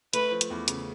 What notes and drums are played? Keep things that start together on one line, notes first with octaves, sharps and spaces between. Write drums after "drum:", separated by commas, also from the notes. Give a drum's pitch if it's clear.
A3 B4, drum: hi-hat
F3
drum: hi-hat
E2
C#3, drum: hi-hat